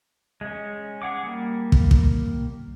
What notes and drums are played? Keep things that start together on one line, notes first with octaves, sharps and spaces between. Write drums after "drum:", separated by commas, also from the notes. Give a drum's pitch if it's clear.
G#3 C#4
G#4 F#5 D6
G3 A#3
drum: kick
drum: kick